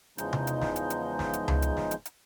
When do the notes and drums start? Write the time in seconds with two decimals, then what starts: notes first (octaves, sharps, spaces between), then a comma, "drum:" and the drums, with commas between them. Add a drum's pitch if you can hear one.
0.18 E2 C#3 F3 G#3 D#4 G6, drum: hi-hat
0.33 drum: tom C3
0.47 drum: hi-hat
0.61 drum: snare
0.76 drum: hi-hat
0.90 drum: hi-hat
1.19 drum: snare
1.33 drum: hi-hat
1.48 drum: tom C#2
1.62 drum: hi-hat
1.77 drum: snare
1.91 drum: hi-hat
2.05 drum: hi-hat